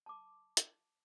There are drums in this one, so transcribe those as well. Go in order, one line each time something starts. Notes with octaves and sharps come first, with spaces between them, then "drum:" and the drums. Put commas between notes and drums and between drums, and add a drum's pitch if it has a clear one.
A5 D6
drum: hi-hat